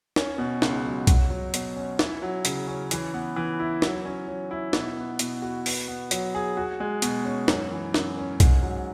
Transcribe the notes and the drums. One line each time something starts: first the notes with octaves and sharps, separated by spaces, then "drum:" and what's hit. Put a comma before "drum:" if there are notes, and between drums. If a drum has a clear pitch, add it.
C#4, drum: snare
B2
C#2, drum: snare
F#3
F#4, drum: kick B1, hi-hat
F#3
B2, drum: hi-hat
C#4
E4, drum: snare
F#3
C#3, drum: hi-hat
C#4
E3, drum: hi-hat
B3
E3
E4
F#3, drum: snare
C#4
F#3
E4
B2, drum: snare
B3
B2, drum: hi-hat
F#4
B4, drum: open hi-hat
B3
F#3, drum: hi-hat
G#4
F#4
G#3
B2, drum: hi-hat
C#4
F#2, drum: snare
E3
F#2, drum: snare
C#4
G#2, drum: kick B1, hi-hat
F#3